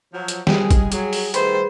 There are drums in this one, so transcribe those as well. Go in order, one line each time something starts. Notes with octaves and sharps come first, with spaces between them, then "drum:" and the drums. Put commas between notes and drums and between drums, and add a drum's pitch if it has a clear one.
F3 F#3
drum: hi-hat
G3 G#3 G#4, drum: snare
drum: kick, hi-hat
F#3 G#4, drum: hi-hat
drum: open hi-hat
D#3 A3 G#4 B4 C5 B5, drum: hi-hat